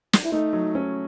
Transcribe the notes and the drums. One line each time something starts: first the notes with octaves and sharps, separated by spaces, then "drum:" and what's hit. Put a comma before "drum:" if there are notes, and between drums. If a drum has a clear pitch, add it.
drum: snare
E4
A3 D#4
F#3
C#4